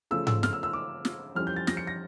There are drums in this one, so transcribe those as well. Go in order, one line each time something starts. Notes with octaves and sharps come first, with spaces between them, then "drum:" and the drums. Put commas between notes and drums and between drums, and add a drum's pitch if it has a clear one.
C#3 F3 A3 E6
E6, drum: tom G#2
F6, drum: snare
E6
E6
D6
drum: snare
F2 E3 G3 C#4 F6
G6
A6
A#6, drum: snare
C#7
A#6